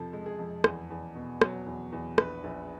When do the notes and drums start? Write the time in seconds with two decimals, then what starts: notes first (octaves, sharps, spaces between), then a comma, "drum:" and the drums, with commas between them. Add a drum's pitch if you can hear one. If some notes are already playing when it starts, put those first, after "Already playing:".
Already playing: F2 C3 F3 A4
0.13 G#3
0.26 G#4
0.39 F2
0.64 E2, drum: rim click
0.90 E2
1.15 B2
1.41 F#3, drum: rim click
1.66 E2
1.92 E2
2.18 A#1 B4, drum: rim click
2.44 A#1